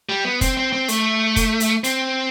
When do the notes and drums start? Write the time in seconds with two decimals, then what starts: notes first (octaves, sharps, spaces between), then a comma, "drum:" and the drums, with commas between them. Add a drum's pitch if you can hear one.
0.09 G3
0.25 B3
0.41 C4, drum: kick, hi-hat
0.57 C4
0.73 C4
0.88 A3, drum: hi-hat
1.36 drum: kick, hi-hat
1.60 drum: hi-hat
1.84 C4, drum: hi-hat